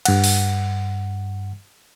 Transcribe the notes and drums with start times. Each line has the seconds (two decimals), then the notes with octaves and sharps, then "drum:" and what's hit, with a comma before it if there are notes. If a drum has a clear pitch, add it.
0.05 G2 F#5, drum: cymbal
0.24 drum: open hi-hat